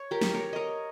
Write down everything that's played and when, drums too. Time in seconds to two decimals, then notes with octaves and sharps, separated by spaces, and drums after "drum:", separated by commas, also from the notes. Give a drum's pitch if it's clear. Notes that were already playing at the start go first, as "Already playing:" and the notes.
Already playing: C#5
0.11 G4 A#4
0.21 drum: snare
0.34 A#4 C#5
0.53 A#4 C#5 D#5